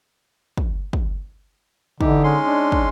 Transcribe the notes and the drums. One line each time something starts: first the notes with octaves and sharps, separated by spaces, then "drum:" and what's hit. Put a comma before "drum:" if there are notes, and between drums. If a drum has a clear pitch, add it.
drum: kick
drum: kick
D3 E3 D#4 G4, drum: kick
G#3 C#4 C6
D4
drum: kick